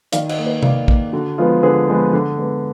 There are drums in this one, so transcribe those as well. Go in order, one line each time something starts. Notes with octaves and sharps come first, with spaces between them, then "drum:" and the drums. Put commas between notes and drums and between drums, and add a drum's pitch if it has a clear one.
D#3 D5 F5, drum: hi-hat
D#5 F#5, drum: cymbal
A#3
B4 D#5
D#3 D5 F5, drum: tom C3
A#3, drum: kick
D3 F#4
F3 G#3 B3 F4 G#4
D3 G#4 B4
F3 G#3 B3
D3
G#3 B3